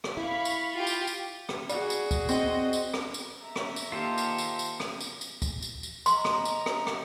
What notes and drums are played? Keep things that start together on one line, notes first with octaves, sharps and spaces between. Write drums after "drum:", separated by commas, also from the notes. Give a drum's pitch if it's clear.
drum: rim click
E4 F5 B5 C#6
drum: tambourine
F4 G4
drum: tambourine
drum: tambourine
drum: rim click
F#4 G#4 D5, drum: tambourine
drum: tambourine
drum: kick, tambourine
C4 D#5, drum: tambourine
drum: tambourine
drum: rim click
drum: tambourine
E5 A#5
drum: rim click
drum: tambourine
D#3 A#3 F4 G4 A4 C5
drum: tambourine
drum: tambourine
drum: tambourine
drum: rim click
drum: tambourine
drum: tambourine
drum: kick, tambourine
drum: tambourine
drum: tambourine
D#5 A#5 C6, drum: tambourine
drum: rim click
drum: tambourine
drum: rim click
drum: rim click